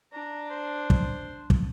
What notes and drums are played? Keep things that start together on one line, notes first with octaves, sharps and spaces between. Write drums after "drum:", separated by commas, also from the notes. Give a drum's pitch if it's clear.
D4 A#5
C5
drum: kick
drum: kick